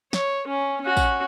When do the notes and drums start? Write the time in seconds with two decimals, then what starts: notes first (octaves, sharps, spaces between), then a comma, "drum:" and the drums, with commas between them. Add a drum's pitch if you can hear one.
0.13 C#5, drum: snare
0.47 C#4
0.82 C#4 F#4
0.97 drum: kick, tambourine